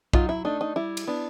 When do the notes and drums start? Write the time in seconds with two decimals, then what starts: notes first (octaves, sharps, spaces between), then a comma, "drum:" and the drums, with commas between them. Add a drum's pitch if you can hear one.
0.13 F#3 D#4 F4, drum: kick B1
0.29 E4
0.45 A3 D4 D#4
0.61 D#4
0.76 G3 E4
0.97 drum: cymbal
1.07 B3 D4